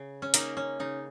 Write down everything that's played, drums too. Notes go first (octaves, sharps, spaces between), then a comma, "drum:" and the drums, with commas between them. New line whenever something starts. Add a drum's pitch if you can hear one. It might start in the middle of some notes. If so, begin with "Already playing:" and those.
Already playing: C#3
C#4
A#3 D#4, drum: hi-hat
C#4
C#3 D#4